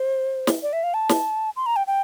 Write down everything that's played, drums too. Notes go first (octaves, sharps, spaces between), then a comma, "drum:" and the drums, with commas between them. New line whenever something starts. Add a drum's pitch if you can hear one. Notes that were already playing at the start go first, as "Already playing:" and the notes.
Already playing: C5
drum: snare
D5
E5
F5
A5
drum: snare
C6
A#5
G5
G5